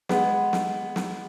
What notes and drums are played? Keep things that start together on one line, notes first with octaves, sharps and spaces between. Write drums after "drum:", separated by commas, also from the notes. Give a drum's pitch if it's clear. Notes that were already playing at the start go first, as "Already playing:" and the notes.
G#3 B3, drum: snare
drum: snare
drum: snare